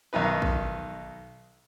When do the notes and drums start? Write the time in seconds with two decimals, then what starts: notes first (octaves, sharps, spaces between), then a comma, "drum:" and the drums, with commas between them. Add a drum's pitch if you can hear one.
0.13 B1 D#3 D#4 B4
0.42 drum: kick A1